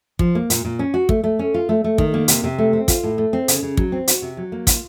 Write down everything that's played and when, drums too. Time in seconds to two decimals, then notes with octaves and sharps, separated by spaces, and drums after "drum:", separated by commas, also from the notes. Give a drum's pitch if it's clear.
0.19 F3, drum: kick
0.35 A#3
0.50 A#2, drum: hi-hat
0.65 A#2
0.79 C#4
0.94 F#4
1.09 A3, drum: kick
1.24 A3
1.39 C#4
1.54 F4
1.69 A3
1.84 A3
1.98 D#3, drum: kick
2.14 A#3
2.28 C3, drum: hi-hat
2.44 C3
2.58 A3
2.73 C4
2.88 F4, drum: kick, hi-hat
3.03 A2
3.18 A3
3.33 C4
3.48 C#3, drum: hi-hat
3.63 C#3
3.77 F#3, drum: kick
3.92 C4
4.08 F#4, drum: hi-hat
4.22 C3
4.37 F#3
4.52 A#3
4.67 F4, drum: kick, hi-hat